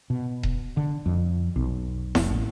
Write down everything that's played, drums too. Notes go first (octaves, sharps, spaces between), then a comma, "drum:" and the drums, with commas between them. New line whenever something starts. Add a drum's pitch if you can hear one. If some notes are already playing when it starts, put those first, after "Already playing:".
B2
drum: kick D#1
D3
F2
B1
F1, drum: snare E4
A1